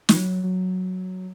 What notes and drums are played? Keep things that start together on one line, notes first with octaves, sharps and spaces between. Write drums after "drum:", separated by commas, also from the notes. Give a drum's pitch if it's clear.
E3, drum: snare
F#3
F#3